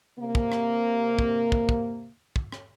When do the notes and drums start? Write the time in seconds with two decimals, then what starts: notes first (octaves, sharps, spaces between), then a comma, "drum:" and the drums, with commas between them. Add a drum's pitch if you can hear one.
0.18 C3 A#3
0.35 drum: kick
0.52 drum: rim click
1.19 drum: kick
1.52 drum: kick
1.69 drum: kick
2.36 drum: kick
2.52 drum: rim click